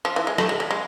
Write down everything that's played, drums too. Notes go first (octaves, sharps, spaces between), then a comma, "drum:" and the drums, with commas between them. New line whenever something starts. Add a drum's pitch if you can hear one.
F3
E3
G#3
A3, drum: rim click
G#3
G3
G#3